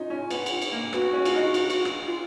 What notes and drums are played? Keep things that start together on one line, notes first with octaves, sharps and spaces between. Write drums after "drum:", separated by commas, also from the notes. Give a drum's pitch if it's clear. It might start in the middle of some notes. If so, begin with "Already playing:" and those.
Already playing: C#4 D#4 F4
C#4
B3, drum: cymbal
drum: cymbal
drum: cymbal
A#3
B3 F#4, drum: rim click
C#4
F4, drum: cymbal
D#4
drum: cymbal
drum: cymbal
drum: rim click
F4